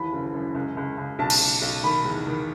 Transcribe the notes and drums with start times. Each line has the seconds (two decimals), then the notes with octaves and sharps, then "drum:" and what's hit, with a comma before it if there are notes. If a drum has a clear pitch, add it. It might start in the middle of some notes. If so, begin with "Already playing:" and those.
Already playing: D#2 E3 B5
0.13 F#1
0.34 F#2
0.55 C#2
0.77 C#2
0.98 C#2
1.19 B1 A5
1.30 drum: cymbal
1.40 B1
1.62 B1
1.84 D#3 B5
2.05 E2
2.27 D#3